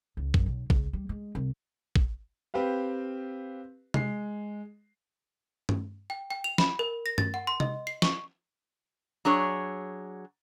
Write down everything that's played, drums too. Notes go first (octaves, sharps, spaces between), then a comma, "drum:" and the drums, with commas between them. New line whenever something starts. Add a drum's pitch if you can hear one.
C#2
F#2, drum: kick
B1
C#2, drum: kick
G3
G#3
C2
drum: kick
C4 G4 B4 F5
G#3 C7, drum: tom C3
drum: tom G2
G5
G5
F7
B5, drum: snare
A#4
A#6
A6, drum: tom G2
F#5
C6
D#5, drum: tom C3
C7
C#6, drum: snare
F#3 D4 G#4 C#5